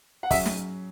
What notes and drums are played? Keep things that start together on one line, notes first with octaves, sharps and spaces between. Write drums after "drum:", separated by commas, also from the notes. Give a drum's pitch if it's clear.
F#5
F#3 C#4 G#4 E5, drum: kick, open hi-hat
drum: snare